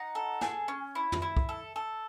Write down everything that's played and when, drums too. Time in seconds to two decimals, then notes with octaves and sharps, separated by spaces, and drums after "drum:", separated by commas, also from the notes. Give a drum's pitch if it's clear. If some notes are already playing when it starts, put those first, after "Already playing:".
Already playing: D#4 F#5
0.15 A4
0.41 G#4, drum: snare
0.68 C#4
0.95 E4
1.12 drum: tom
1.22 E4
1.37 drum: kick
1.49 A4
1.76 A4